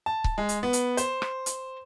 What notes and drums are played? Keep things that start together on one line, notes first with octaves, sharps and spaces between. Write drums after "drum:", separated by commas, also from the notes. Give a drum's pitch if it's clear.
A5
drum: kick C#1
G#3
drum: hi-hat
B3
drum: hi-hat
C5, drum: hi-hat
drum: rim click
drum: hi-hat